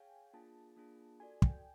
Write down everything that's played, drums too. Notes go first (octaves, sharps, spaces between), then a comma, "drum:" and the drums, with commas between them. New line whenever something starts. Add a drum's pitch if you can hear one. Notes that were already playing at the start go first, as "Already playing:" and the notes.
Already playing: G#4 C#5 F5 G5 G#5
A#3 D4 F4 G#4 A5
A#3 D4 F4 G#4
F#4 A4 D5 G#5
G5, drum: kick